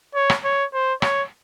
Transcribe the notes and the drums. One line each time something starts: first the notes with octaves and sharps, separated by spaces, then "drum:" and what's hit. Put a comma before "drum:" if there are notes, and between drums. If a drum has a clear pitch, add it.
C#5
drum: rim click
C#5
C5
C#5, drum: rim click